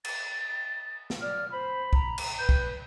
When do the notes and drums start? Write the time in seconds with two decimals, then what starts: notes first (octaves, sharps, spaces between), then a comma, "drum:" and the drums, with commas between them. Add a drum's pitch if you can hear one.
0.04 A6, drum: cymbal
1.10 drum: snare
1.21 D5 F6
1.52 C5 B5
1.93 A#5, drum: kick
2.18 drum: cymbal
2.38 B4 G6
2.49 drum: kick